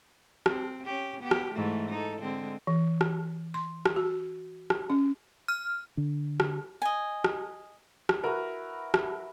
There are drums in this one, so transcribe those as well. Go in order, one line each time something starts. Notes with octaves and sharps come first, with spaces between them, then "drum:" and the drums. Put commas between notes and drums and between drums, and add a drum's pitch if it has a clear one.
C4, drum: rim click
C#4 G4
B3 G4
drum: rim click
G#2 E3 A3
D#4 A4
D3 G#3 C4
E3
drum: rim click
C6
drum: rim click
F#4
drum: rim click
C#4
F6
D3 D4
drum: rim click
D#5 G#5
drum: rim click
drum: rim click
E4 F#4 A#4 B4
drum: rim click